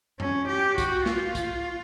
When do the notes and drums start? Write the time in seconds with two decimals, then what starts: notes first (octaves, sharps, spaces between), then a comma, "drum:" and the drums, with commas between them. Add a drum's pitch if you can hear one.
0.20 C#4, drum: tom F#2
0.49 G4
0.78 F#4, drum: kick, hi-hat
1.06 F4, drum: snare
1.35 drum: kick, hi-hat